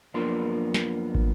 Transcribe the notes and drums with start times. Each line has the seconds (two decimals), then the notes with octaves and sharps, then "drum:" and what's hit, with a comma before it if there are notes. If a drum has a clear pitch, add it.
0.14 F#2 F3 A#3 B3 D4 C6
0.74 drum: snare
1.15 drum: kick